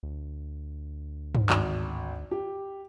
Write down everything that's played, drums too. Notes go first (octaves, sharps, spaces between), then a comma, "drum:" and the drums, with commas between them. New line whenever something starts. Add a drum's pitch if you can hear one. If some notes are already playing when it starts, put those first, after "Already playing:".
D2
drum: tom G2
G#1, drum: clap
G4